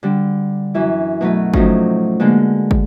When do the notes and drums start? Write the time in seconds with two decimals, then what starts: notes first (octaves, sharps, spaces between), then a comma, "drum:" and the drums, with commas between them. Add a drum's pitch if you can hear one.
0.03 D3 G3
0.74 F#2 E3 E4
1.21 B2 F#3 A3 B4
1.54 A2 C3 F3 F#3 C#4 D#4, drum: kick
2.20 D3 G#3 A#3 B3
2.71 drum: kick